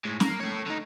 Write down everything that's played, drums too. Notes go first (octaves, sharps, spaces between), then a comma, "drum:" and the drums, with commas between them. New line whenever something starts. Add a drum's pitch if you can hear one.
A2 G#3
A#3, drum: snare
A3 C#5
D3 D#4